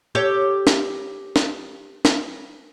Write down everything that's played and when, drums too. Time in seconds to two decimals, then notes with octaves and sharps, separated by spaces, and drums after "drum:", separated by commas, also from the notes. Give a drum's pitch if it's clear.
0.15 G4 A4 C#5
0.67 drum: snare D4
1.36 drum: snare D4
2.05 drum: snare D4